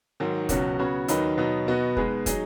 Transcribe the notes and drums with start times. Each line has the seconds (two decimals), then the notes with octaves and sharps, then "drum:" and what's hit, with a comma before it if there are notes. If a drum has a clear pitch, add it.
0.20 G#2 D#3 F#3
0.49 C#2 B2 F#3 C#4 F#4, drum: kick, hi-hat
0.79 C#3 B3 F#4 C#5
1.08 D#2 D#3 F#3 D#4 B4, drum: hi-hat
1.38 B2 F#3 B3 D#4
1.67 B2 B3 F#4 D#5
1.97 B2 G#3 D#4 G#4 B4, drum: kick
2.26 F#3 D#4 G#4 D#5, drum: kick, hi-hat